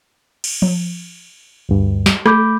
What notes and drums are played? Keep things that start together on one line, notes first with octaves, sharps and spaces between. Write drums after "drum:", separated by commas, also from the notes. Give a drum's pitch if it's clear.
drum: cymbal
drum: tom F3
D2 G2
drum: snare
A3 B5 D6 G6, drum: rim click